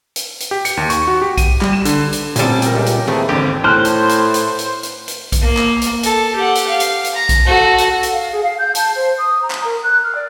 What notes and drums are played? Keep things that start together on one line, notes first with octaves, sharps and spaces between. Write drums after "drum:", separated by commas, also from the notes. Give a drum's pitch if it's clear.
drum: hi-hat
drum: hi-hat
G4
C#7, drum: hi-hat
D#2
C#6, drum: hi-hat
F#4
G4
D#7, drum: kick, hi-hat
G3, drum: clap
E7
D3, drum: hi-hat
drum: hi-hat
A1 A#2 G3 C4 A4, drum: hi-hat
C4 A#4 G5, drum: hi-hat
C#2 G4
drum: hi-hat
D#2 E3 A3 C4 G#4
G#1 D3 C4 G4 D6
A2 C5 F6 F#6
drum: hi-hat
drum: hi-hat
drum: hi-hat
drum: hi-hat
drum: hi-hat
drum: hi-hat
drum: kick, hi-hat
A#3
drum: clap
drum: hi-hat
A4, drum: hi-hat
G4 F#5
drum: hi-hat
F5
drum: hi-hat
drum: hi-hat
A#5
drum: kick, hi-hat
F#4 A4
drum: hi-hat
drum: hi-hat
F5
G#4
F5
G6
A5, drum: hi-hat
C5
D#6
A#5
drum: clap
A#4
F#6
F6
D5